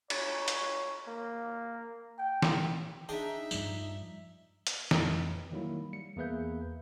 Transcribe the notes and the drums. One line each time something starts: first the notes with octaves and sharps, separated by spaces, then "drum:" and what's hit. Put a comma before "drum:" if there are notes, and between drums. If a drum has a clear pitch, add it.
C#5, drum: cymbal
drum: hi-hat
A#3
G5
drum: snare
D4 D#4 G#4 E5 G5
G2 F3 G3, drum: tambourine
drum: hi-hat
F2 B4 D#5, drum: snare
D#3 F#3 G3 A#3 E4
G3 C#7
E2 A#3 G#4 B4 E5 G6